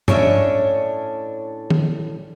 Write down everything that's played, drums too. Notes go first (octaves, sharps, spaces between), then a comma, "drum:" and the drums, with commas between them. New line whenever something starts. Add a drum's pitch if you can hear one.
A2 C#4 D4 C#5 E5, drum: tom G2
drum: tom